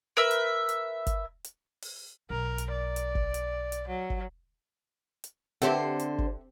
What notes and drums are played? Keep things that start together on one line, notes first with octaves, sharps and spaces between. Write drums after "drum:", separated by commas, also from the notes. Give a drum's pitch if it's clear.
A#4 B4 E5 E6
drum: hi-hat
drum: hi-hat
drum: kick G1, hi-hat
drum: hi-hat
drum: open hi-hat
B1 A#4
drum: hi-hat
D5
drum: hi-hat
drum: kick G1
drum: hi-hat
drum: hi-hat
F#3
drum: kick G1
drum: hi-hat
D3 C4 G4 A4 C5 E5 F#5, drum: hi-hat
drum: hi-hat
drum: kick G1